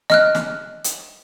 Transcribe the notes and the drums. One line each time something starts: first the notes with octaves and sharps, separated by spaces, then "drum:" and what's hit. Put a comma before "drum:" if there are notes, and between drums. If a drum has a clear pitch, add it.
D#5 F6 F#6, drum: snare
drum: snare
drum: hi-hat